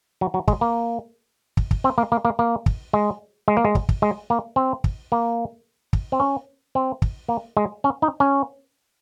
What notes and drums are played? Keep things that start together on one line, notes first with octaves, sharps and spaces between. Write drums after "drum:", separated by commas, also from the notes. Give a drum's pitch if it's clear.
F#3
F#3
G#3, drum: kick
A#3
drum: kick
drum: kick
C4
A#3
A#3
A#3
A#3
drum: kick
G#3
G#3
A#3
G#3
drum: kick
drum: kick
G#3
A#3
C4
drum: kick
A#3
drum: kick
C4
C#4
C4
drum: kick
A#3
G#3
C#4
D#4
C#4